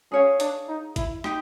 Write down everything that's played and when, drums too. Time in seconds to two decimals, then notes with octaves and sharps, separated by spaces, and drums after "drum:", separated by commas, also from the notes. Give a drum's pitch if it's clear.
0.12 C#4 G#4 C#5 F5
0.40 D4, drum: hi-hat
0.68 D#4
0.96 E4, drum: kick G#1, hi-hat
1.24 D#4 G4, drum: rim click